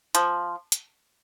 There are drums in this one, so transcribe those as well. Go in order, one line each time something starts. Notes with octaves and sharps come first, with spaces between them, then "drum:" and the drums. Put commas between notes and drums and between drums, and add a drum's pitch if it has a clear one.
F3, drum: hi-hat
drum: hi-hat